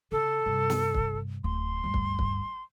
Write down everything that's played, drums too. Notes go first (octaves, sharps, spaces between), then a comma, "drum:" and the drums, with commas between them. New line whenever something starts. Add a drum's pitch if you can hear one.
C#3 A4
G2 C3
drum: snare
drum: kick
D1 C6
D2 G2
drum: kick
drum: kick